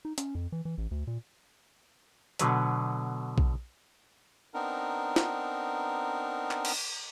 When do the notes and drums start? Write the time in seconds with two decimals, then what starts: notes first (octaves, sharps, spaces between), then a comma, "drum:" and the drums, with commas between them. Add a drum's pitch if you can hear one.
0.05 D#4
0.18 C#4, drum: hi-hat
0.35 F2
0.52 E3
0.65 E3
0.78 A1
0.91 D2
1.07 A#2
2.39 B2 D3 F#3 B4, drum: hi-hat
3.38 drum: kick A#1
4.54 B3 C4 D4 D#4 A#4
5.16 drum: snare
6.51 drum: clap
6.65 drum: cymbal